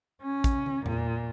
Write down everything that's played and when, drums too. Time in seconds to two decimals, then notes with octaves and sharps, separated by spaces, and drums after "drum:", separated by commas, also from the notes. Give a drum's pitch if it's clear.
0.22 C#4
0.44 drum: kick, hi-hat
0.66 drum: tom
0.86 A#2, drum: tom E2